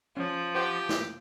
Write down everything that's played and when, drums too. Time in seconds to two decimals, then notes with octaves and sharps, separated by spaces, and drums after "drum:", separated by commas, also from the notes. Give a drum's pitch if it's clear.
0.17 F3 C#4
0.55 G4 C5 F#5 G5
0.89 drum: snare